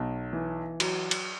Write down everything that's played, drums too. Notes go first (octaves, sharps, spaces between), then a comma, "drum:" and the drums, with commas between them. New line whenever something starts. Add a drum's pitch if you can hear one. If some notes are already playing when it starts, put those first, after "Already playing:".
Already playing: B1
E3
F#3, drum: cymbal
drum: cymbal